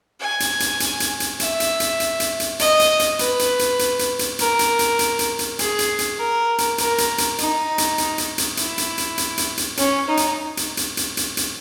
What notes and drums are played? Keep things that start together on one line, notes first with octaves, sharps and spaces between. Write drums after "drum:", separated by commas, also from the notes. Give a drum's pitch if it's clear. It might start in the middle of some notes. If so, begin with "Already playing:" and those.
G#5
drum: hi-hat
drum: hi-hat
drum: hi-hat
drum: hi-hat
drum: hi-hat
E5, drum: hi-hat
drum: hi-hat
drum: hi-hat
drum: hi-hat
drum: hi-hat
drum: hi-hat
D#5, drum: hi-hat
drum: hi-hat
drum: hi-hat
B4, drum: hi-hat
drum: hi-hat
drum: hi-hat
drum: hi-hat
drum: hi-hat
drum: hi-hat
A#4, drum: hi-hat
drum: hi-hat
drum: hi-hat
drum: hi-hat
drum: hi-hat
drum: hi-hat
G#4, drum: hi-hat
drum: hi-hat
drum: hi-hat
A#4
drum: hi-hat
A#4, drum: hi-hat
drum: hi-hat
drum: hi-hat
D#4, drum: hi-hat
drum: hi-hat
drum: hi-hat
drum: hi-hat
drum: hi-hat
E4, drum: hi-hat
drum: hi-hat
drum: hi-hat
drum: hi-hat
drum: hi-hat
drum: hi-hat
C#4, drum: hi-hat
D#4
drum: hi-hat
drum: hi-hat
drum: hi-hat
drum: hi-hat
drum: hi-hat
drum: hi-hat